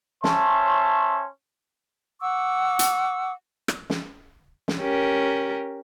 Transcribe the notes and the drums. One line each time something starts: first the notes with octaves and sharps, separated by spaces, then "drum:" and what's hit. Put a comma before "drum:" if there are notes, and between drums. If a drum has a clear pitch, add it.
C#4 C5 C#5 E5 A5 C6, drum: snare
F#5 C#6 D6 E6
drum: hi-hat
drum: rim click
drum: snare
drum: snare
C#4 G4 A#4